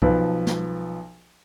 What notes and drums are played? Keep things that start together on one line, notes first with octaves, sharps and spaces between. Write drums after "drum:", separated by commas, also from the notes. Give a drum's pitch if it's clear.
B1 F3 B4, drum: kick C2
drum: snare